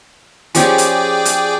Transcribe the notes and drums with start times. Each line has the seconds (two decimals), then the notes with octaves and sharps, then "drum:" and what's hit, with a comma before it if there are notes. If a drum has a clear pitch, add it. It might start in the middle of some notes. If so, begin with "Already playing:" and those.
0.55 F3 C#4 G4 G#4 D5 G5, drum: hi-hat
0.78 drum: hi-hat
1.25 drum: hi-hat